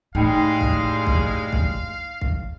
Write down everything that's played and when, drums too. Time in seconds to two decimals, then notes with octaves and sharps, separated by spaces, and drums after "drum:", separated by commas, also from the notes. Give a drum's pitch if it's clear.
0.15 D#2 A2 G3 G#3 D#4 F5 G5 B5
0.61 drum: kick
1.07 drum: kick
1.53 drum: kick
2.21 drum: kick